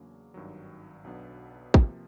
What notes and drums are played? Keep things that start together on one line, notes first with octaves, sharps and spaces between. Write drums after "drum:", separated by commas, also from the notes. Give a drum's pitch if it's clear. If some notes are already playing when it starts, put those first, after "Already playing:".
Already playing: E2 C#3 F#3 A#3 D4
G#1 G2 D#3 F#3
B1 B2 F#3 B3 D4
C3 F3 A#3, drum: kick